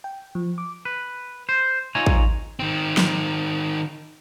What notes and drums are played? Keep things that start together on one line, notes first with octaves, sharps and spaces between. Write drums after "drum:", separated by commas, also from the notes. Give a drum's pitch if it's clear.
G5
F3
D6
B4
C5
D#4 F4 C#5 G#5 A#5
drum: kick
D#3 C4
drum: snare